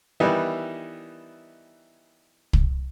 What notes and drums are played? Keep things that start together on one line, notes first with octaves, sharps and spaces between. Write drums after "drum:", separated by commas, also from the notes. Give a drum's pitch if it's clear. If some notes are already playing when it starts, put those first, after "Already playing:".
D#3 E3 G3 B3 D#4 E4
drum: kick